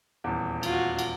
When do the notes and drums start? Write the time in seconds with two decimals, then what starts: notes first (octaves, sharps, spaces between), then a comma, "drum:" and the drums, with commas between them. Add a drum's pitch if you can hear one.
0.24 D#1 E2
0.63 F4 F#4, drum: cymbal
0.99 drum: cymbal